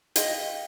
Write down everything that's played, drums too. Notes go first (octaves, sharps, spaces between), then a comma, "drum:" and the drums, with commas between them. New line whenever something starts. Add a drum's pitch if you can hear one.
D#5 F5 G5, drum: hi-hat